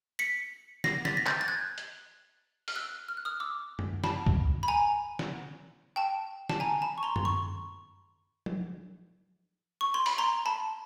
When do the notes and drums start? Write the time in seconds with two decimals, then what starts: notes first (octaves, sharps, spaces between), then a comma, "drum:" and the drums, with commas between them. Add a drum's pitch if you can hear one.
0.19 B6 C#7
0.84 A#6 C7, drum: snare
1.05 A6 B6, drum: snare
1.17 A#6
1.27 G6 A6, drum: clap
1.41 A6
1.48 F#6 G#6
1.78 drum: hi-hat
2.68 F6, drum: open hi-hat
2.76 E6 F#6
3.09 F6
3.17 F#6
3.25 D#6 F6
3.40 D6 E6
3.79 drum: tom F#2
4.04 A5 B5, drum: snare
4.26 drum: kick
4.63 B5
4.68 G#5 A#5
5.19 drum: snare
5.96 G5 A5
6.49 A5, drum: snare
6.60 G#5 A#5
6.82 A5 B5
6.98 C#6
7.03 A#5 C6
7.16 C6, drum: tom F#2
7.25 B5 C#6
8.46 drum: tom F3
9.81 C#6
9.94 C6
10.06 B5, drum: open hi-hat
10.18 A#5 C6
10.46 A5 B5